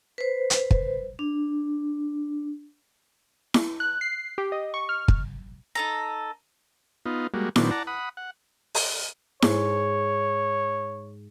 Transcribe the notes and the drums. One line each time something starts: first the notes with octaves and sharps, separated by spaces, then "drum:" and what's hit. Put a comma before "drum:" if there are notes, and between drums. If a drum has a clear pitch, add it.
B4 C5
drum: hi-hat
drum: kick
D4
drum: snare E4
F#6
C7
G4
D#5
C#6
F6
drum: kick
D#4 A4 A#5
B3 D#4 F4
G3 G#3 A#3 F#4
A#2 D#3 F#3 B3 C4 D4, drum: snare E4
D5 F#5 A5 A#5
F#5 B5 D#6
F#5
drum: open hi-hat
G#2 C#5, drum: snare E4